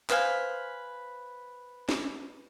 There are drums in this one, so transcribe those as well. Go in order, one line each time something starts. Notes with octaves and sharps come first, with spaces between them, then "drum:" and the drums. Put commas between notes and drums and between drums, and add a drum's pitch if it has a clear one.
B4 C5 F5 G#5, drum: clap
drum: snare